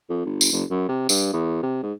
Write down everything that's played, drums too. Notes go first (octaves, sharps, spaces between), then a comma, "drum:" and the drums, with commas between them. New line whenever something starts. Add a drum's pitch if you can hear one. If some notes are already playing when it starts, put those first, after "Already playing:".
F2
G1
drum: tambourine
F#1
F#2
C3
G2, drum: tambourine
E2
C3
G#2